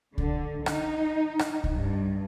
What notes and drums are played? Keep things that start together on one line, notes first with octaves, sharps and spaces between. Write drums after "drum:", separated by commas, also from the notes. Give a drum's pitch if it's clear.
D3, drum: kick C2
D#4, drum: rim click
drum: rim click
drum: kick C2
G2